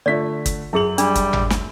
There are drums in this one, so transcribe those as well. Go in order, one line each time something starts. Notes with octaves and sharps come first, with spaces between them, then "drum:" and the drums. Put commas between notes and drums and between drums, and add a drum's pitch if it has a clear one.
D3 A3 F4 D5 B6
drum: kick, hi-hat
F#2 E4 G#4 B5 F#7
G3 D4, drum: hi-hat
drum: kick, hi-hat
drum: tom G#1
drum: snare